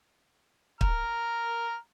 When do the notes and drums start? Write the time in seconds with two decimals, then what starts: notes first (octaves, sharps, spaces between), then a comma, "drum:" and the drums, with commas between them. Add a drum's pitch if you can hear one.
0.81 A#5 F6, drum: kick